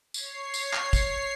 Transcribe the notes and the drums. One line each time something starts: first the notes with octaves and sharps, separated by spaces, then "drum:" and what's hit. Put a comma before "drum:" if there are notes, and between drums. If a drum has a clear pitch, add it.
C#5 C7, drum: tambourine
drum: tambourine
drum: clap
drum: kick, tambourine